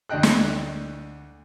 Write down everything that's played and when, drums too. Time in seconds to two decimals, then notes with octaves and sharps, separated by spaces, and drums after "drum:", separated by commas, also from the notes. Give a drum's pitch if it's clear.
0.09 D2 D4 D#5 G5 F#6
0.23 drum: snare